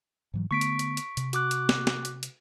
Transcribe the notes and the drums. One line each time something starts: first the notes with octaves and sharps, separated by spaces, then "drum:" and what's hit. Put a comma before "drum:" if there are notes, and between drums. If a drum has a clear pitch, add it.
G#2 E3 F#3
D3 A3 B3 C#6 B6 D7
drum: hi-hat
drum: hi-hat
drum: hi-hat
C3, drum: hi-hat
F#4 D6 F#6, drum: hi-hat
drum: hi-hat
drum: snare
drum: snare
drum: hi-hat
drum: hi-hat